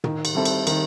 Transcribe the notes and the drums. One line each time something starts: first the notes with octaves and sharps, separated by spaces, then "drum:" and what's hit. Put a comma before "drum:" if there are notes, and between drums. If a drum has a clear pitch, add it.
D#3, drum: tom
drum: cymbal
G3 C4 E4 A4
drum: cymbal
D#3, drum: cymbal